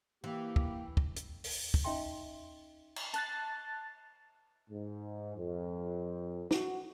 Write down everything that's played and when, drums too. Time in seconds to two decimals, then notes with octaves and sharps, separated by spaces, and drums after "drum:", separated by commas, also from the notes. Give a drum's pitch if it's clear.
0.24 E3 A#3 G4
0.56 drum: kick
0.97 drum: kick
1.16 drum: hi-hat
1.44 drum: open hi-hat
1.74 drum: kick
1.84 C#4 D#4 D#5 E5 G5 C6
2.96 drum: cymbal
3.14 A5 F#6 A6, drum: hi-hat
4.70 G#2
5.37 F2
6.51 F#4, drum: snare